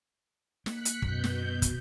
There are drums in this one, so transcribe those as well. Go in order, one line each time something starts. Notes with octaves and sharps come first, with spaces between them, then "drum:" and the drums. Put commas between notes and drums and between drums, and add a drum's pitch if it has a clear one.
A#3 F#6 B6 C#7, drum: snare
drum: hi-hat
F#2 B2 G6, drum: kick
drum: snare
drum: kick, hi-hat